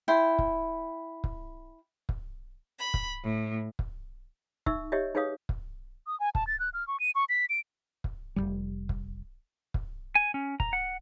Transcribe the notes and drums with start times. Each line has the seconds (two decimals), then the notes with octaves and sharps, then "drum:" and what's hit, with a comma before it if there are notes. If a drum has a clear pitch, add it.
0.08 E4 G5 C6
0.39 drum: kick
1.24 drum: kick
2.09 drum: kick
2.79 B5
2.94 drum: kick
3.24 A2
3.79 drum: kick
4.66 D#4 E5 C#6 E6, drum: kick
4.92 G4 C#5 D#5 E5
5.15 D#4 G#4 B4 C#5 F5 D#6
5.49 drum: kick
6.07 D#6
6.20 G#5
6.35 A5, drum: kick
6.47 A6
6.60 F#6
6.74 F6
6.88 C#6
7.00 D#7
7.15 C#6
7.29 B6
7.49 D7
8.04 drum: kick
8.36 F1 C#2 G3
8.89 drum: kick
9.74 drum: kick
10.15 G#5
10.34 C#4
10.60 A#5, drum: kick
10.73 F#5